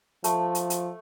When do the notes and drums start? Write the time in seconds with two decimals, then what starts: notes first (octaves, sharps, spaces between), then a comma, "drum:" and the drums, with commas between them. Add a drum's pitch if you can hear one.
0.24 F3 A3, drum: hi-hat
0.55 drum: hi-hat
0.70 drum: hi-hat